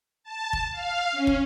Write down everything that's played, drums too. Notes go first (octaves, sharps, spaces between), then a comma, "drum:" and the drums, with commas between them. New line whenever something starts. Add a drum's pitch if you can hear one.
A5
drum: kick
F5
C#4
drum: kick